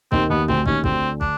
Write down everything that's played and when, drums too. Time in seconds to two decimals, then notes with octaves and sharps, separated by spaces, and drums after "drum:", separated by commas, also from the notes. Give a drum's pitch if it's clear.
0.12 D#2 D#3 C4, drum: kick
0.30 D#2 D#3 B3
0.48 D2 D3 C4, drum: kick
0.66 D#2 D#3 C#4, drum: kick
0.84 D2 D3 C4, drum: kick
1.21 D4, drum: kick